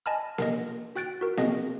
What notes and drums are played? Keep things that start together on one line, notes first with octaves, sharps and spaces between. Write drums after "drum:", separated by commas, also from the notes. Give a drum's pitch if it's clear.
D#5 G#5 A5 B5 F6
A#4 D#5, drum: snare A#3
F#4 G5 F#6 A6 D7, drum: hi-hat
F#4 A#4
A#3 C4 G#4 D#5, drum: snare A#3